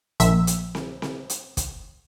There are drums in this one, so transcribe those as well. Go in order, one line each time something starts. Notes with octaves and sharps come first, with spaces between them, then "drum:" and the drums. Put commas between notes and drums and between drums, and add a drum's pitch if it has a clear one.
A#1 E5, drum: hi-hat
drum: hi-hat
drum: snare C4
drum: snare C4
drum: hi-hat
drum: kick, hi-hat